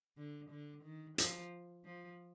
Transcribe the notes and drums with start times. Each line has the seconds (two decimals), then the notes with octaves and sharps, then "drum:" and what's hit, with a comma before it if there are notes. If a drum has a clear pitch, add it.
0.17 D3
0.50 D3
0.83 D#3
1.18 F3, drum: hi-hat
1.84 F3